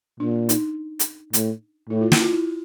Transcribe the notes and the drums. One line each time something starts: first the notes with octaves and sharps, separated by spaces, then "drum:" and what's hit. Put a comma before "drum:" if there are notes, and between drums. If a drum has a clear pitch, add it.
A#2 D4
D#4, drum: hi-hat
drum: hi-hat
A2, drum: hi-hat
A2 E4
F4
E4, drum: snare
F4
E4